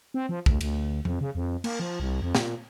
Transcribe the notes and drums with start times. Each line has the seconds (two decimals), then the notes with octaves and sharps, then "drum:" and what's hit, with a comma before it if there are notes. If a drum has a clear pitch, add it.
0.14 C4
0.29 F3
0.46 D2, drum: kick
0.61 D2, drum: cymbal
1.05 F2, drum: tom F3
1.21 C#3
1.35 F2
1.64 A#3, drum: cymbal
1.80 F3
2.00 C2
2.22 F2
2.35 A#2, drum: snare